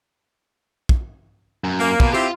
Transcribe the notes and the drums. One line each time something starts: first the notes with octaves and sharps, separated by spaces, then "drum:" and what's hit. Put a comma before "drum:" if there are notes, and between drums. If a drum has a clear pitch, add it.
drum: kick
F#2
A#3
B2, drum: kick
C4 E4 F4 G4